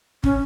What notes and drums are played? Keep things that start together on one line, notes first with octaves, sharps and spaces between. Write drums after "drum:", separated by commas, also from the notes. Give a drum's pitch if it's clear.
C#4, drum: kick